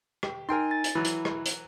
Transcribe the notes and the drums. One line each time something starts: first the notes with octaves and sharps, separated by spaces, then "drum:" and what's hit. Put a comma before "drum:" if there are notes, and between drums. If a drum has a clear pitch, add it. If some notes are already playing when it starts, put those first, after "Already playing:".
G4, drum: rim click
D#4 A#4 G5 G#5 C6
A6
drum: hi-hat
E3 F#3 E4
drum: hi-hat
drum: rim click
drum: hi-hat